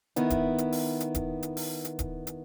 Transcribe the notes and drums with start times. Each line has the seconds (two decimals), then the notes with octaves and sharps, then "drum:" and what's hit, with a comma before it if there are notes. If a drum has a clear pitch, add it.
0.16 D#3 B3 E4, drum: hi-hat
0.30 drum: kick D1, hi-hat
0.58 drum: hi-hat
0.72 drum: open hi-hat
1.00 drum: hi-hat
1.15 drum: kick D1, hi-hat
1.43 drum: hi-hat
1.57 drum: open hi-hat
1.85 drum: hi-hat
1.99 drum: kick D1, hi-hat
2.27 drum: hi-hat